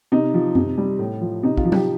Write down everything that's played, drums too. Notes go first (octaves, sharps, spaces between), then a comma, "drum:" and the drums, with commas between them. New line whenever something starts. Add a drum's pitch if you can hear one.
C3 D#4
F3
C3, drum: tom F#2
G3
A2
F3
C3 D#4
F4, drum: kick
F3
G4, drum: tom F#3